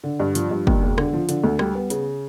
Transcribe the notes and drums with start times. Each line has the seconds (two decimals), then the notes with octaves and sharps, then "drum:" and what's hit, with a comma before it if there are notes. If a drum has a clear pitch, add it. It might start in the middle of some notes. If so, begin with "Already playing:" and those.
0.04 D3
0.20 G2
0.35 F3, drum: hi-hat
0.51 G2
0.67 D#2, drum: kick
0.81 E1
0.98 D3, drum: rim click
1.13 F3
1.29 D3, drum: hi-hat
1.44 D2
1.59 G3, drum: rim click
1.75 B3
1.90 C#3, drum: hi-hat